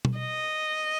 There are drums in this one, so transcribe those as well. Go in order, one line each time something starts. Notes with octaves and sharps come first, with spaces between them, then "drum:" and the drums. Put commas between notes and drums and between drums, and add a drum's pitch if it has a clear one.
drum: tom B2
D#5